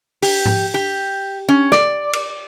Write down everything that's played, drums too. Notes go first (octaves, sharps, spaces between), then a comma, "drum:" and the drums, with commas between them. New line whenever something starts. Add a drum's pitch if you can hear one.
G4, drum: open hi-hat
drum: tom G#2
G4
C#4
D5, drum: snare
drum: cymbal